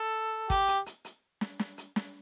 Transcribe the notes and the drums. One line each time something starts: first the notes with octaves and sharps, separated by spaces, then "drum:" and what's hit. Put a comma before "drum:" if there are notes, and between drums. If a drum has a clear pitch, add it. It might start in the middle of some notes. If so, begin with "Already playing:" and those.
Already playing: A4
G4, drum: kick, hi-hat
drum: hi-hat
drum: hi-hat
drum: hi-hat
drum: snare
drum: snare
drum: hi-hat
drum: snare